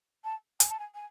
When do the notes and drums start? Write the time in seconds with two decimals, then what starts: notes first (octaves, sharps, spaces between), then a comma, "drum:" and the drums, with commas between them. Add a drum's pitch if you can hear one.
0.24 A5
0.60 G#5, drum: hi-hat
0.69 A5
0.79 G#5
0.95 G#5